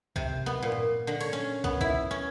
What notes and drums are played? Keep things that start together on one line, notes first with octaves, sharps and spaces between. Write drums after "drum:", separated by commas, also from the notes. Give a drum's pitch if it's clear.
C3, drum: kick
B3
A#2
drum: tom G2
D3
C#5, drum: cymbal
C#4
B3, drum: kick
E4, drum: kick
C#4